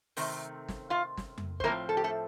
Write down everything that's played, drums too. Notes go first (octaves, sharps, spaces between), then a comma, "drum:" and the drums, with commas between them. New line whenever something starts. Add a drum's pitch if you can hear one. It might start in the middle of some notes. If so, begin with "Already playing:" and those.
C3 D#3 A3 C4, drum: open hi-hat
drum: snare
F4 F5
drum: snare
drum: tom F2
C5, drum: kick
A2 F3 A#3 C4 A#4
A4
G4
A3 A4